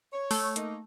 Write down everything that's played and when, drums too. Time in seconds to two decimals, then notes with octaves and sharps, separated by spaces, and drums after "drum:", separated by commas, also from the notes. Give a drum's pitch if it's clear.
0.13 C#5
0.31 A3, drum: open hi-hat
0.56 A#3 D#4, drum: hi-hat